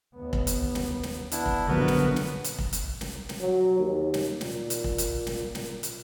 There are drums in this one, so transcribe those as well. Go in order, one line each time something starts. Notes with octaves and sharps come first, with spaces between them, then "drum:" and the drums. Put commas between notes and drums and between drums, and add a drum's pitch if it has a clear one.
D#2 B3
drum: kick
drum: hi-hat
drum: snare
drum: snare
B3 D4 E4, drum: hi-hat
drum: kick
A#1 F#2 D3 F#3 B3 F#4 A#4
drum: snare
drum: snare
drum: hi-hat
drum: kick
drum: hi-hat
drum: snare
drum: snare
F#3
D#2
drum: snare
A#2, drum: snare
drum: hi-hat
drum: kick
drum: hi-hat
drum: snare
drum: snare
drum: hi-hat